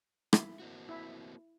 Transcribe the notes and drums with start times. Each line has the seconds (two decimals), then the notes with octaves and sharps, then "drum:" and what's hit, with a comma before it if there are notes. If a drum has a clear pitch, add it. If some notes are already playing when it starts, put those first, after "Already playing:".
0.33 E4, drum: rim click
0.60 A#3 C4 F#4
0.89 E4